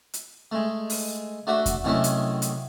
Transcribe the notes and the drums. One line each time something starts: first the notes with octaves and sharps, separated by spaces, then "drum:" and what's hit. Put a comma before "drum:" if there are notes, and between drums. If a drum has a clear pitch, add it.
drum: hi-hat
G#3 A3
drum: open hi-hat
A3 D4 F#4 E5 F#5
drum: kick E2, hi-hat
C2 D#3 F#3 A3 C#4 E4
drum: hi-hat
drum: hi-hat